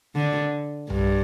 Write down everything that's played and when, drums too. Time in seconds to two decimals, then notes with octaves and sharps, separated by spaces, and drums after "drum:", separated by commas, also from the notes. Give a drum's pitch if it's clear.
0.16 D3
0.90 G2, drum: tom B1